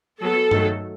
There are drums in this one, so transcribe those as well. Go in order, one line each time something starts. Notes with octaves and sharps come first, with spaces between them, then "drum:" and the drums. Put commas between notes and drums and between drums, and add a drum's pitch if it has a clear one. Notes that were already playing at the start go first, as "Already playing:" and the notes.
F#3 B3 A4
D#3 F#3 A3, drum: tom G2